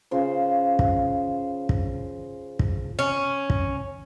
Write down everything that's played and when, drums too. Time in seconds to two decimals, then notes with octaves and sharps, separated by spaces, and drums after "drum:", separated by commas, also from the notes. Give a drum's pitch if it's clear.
0.11 C#3 F4 C5
0.79 drum: kick
1.69 drum: kick
2.59 drum: kick
2.99 C#4
3.50 drum: kick